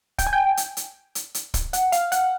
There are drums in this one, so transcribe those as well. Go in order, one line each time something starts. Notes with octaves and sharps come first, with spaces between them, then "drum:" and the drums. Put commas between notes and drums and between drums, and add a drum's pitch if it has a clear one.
G5, drum: kick, hi-hat
G#5
G5
drum: hi-hat
drum: hi-hat
drum: hi-hat
drum: hi-hat
drum: kick, hi-hat
F#5, drum: hi-hat
F5, drum: hi-hat
F#5, drum: hi-hat